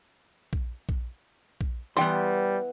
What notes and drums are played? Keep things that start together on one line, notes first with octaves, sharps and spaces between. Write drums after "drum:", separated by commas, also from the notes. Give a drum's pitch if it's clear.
drum: kick A#1
drum: kick A#1
drum: kick A#1
E3 G3 B3 G5 C6